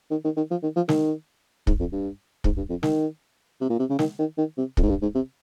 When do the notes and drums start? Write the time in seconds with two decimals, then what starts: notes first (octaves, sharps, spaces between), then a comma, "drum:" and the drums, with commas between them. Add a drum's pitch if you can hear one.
0.11 D#3
0.24 D#3
0.37 D#3
0.51 F3
0.63 D#3
0.76 F3
0.89 D#3, drum: snare
1.67 G#2, drum: kick
1.80 F2
1.92 G2
2.44 G#2, drum: kick
2.57 G2
2.69 F2
2.83 D#3, drum: snare
3.61 C3
3.70 A#2
3.79 C3
3.90 C#3
3.99 D#3, drum: snare
4.19 D#3
4.38 D#3
4.58 C3
4.77 F2, drum: kick
4.82 G#2
4.89 G2
5.02 G#2
5.15 C3